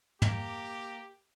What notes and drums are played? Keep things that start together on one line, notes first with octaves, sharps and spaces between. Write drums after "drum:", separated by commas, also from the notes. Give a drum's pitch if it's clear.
A#3 G4 A#5 D6, drum: tom